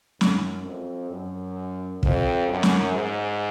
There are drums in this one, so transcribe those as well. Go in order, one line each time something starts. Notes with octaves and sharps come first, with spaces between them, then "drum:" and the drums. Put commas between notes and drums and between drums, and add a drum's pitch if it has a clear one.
F#2, drum: snare
F2
F#2
F2, drum: kick
F#2
drum: snare
G#2